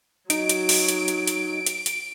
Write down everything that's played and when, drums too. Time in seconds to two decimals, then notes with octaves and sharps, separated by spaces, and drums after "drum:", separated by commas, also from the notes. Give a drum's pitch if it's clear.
0.30 F#3 D#4 D7, drum: hi-hat
0.49 drum: hi-hat
0.69 drum: open hi-hat
0.88 drum: hi-hat
1.08 drum: hi-hat
1.27 drum: hi-hat
1.66 drum: hi-hat
1.86 drum: hi-hat